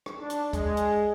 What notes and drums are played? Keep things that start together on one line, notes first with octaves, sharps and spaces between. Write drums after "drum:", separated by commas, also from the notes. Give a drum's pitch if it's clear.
drum: rim click
D4
drum: hi-hat
G#3, drum: kick, hi-hat
drum: hi-hat